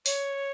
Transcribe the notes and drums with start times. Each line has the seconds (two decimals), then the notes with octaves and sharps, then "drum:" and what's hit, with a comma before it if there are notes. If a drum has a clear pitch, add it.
0.06 C#5, drum: open hi-hat